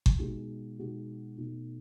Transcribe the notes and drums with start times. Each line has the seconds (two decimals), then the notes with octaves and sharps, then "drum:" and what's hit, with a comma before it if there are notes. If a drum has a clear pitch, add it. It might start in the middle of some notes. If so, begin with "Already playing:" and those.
0.06 drum: kick G1
0.19 B2 G#3 D#4 F#4
0.79 B2 G#3 D#4 F#4
1.38 B2 A3 D#4